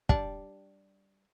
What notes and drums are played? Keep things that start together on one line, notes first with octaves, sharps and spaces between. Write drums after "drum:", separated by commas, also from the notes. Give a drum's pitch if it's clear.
G3 D4, drum: kick